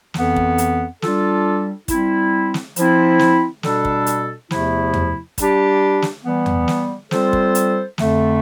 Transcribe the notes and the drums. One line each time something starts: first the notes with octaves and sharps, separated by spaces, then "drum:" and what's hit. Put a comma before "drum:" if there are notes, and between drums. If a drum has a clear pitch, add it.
F2 E3 B3, drum: snare
drum: kick
drum: hi-hat
G3 D4 F4 A4, drum: snare
G3 C4 E4, drum: kick, hi-hat
drum: snare
F3 C4 E4, drum: hi-hat
drum: snare
B2 G3 D4 A4, drum: snare
drum: kick
drum: hi-hat
E2 C3 F3 A3 E4, drum: snare
drum: tom E2
G3 D4 G4, drum: kick, hi-hat
drum: snare
E3 G3 B3
drum: tom E2
drum: snare
G3 C4 F4 A4 C5, drum: snare
drum: kick
drum: hi-hat
F2 D3 A3, drum: snare